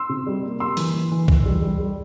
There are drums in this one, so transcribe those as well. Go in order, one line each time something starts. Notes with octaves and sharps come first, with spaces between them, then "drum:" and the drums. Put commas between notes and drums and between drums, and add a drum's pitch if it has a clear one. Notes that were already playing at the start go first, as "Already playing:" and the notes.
Already playing: C6 E6
C3
G3
A#3
A#3 C6 E6
E3, drum: open hi-hat
E3
E3
E3, drum: kick C2
G3
G3
G3